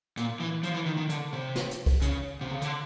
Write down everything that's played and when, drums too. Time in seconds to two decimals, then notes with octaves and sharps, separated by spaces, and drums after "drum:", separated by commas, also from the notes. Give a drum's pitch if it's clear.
0.17 A#2, drum: hi-hat
0.40 E3
0.63 F3, drum: hi-hat
0.74 E3
0.86 D#3
0.97 D#3
1.09 D3, drum: hi-hat
1.33 C3
1.56 drum: snare
1.71 drum: hi-hat
1.86 drum: kick C2, open hi-hat
2.02 C#3, drum: hi-hat
2.41 C3
2.51 C#3
2.61 D3, drum: hi-hat